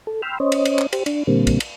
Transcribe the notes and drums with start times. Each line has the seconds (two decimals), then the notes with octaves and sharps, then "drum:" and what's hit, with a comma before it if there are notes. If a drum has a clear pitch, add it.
0.07 A4
0.22 G5 B5 C6 E6 F6
0.40 C#4 C5 C#5 D#5
0.52 drum: cymbal
0.65 drum: cymbal
0.79 drum: clap
0.93 G4 C5, drum: cymbal
1.06 D4, drum: cymbal
1.27 A#2 D3 G3 A#3 C4
1.47 drum: kick, cymbal
1.60 drum: cymbal